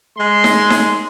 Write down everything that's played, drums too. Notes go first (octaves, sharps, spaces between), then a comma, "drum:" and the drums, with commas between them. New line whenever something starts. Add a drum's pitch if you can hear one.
G#3 C6
drum: snare D#4
drum: snare D#4